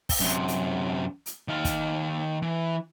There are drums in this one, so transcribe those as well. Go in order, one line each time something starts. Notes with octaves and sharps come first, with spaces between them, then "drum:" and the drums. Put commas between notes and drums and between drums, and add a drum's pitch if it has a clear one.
drum: kick, open hi-hat
F#2 C3
drum: hi-hat
drum: hi-hat
D#3 F5
drum: kick, hi-hat
E3